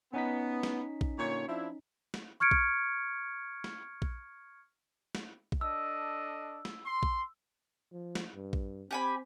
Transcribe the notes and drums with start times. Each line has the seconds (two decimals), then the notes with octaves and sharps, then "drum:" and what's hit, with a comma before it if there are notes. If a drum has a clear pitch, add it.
0.14 B3 C#4 D#4 B6
0.63 drum: snare
1.01 drum: kick A#1
1.19 A#2 D3 C#5
1.48 F3 D4 E4
2.14 drum: snare
2.40 C#6 F6 G#6 C#7 D7
2.51 drum: kick A#1
3.64 drum: snare
4.02 drum: kick A#1
5.15 drum: snare
5.52 drum: kick A#1
5.61 D4 A4 D#5 E6
6.65 drum: snare
6.84 C6
7.03 drum: kick A#1
7.92 F3
8.15 drum: snare
8.34 G2
8.53 drum: kick A#1
8.91 C4 G4 G#5 B5